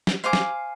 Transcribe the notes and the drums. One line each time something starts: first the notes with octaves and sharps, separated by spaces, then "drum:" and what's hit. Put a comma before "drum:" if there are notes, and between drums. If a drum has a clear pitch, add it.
drum: snare
C5 F5 G#5 D6
drum: snare